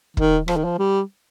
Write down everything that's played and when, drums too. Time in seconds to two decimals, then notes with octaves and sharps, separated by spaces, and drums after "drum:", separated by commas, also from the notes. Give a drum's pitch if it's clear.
0.17 D#3, drum: kick
0.48 F3, drum: rim click
0.57 D#3
0.65 F3
0.79 G3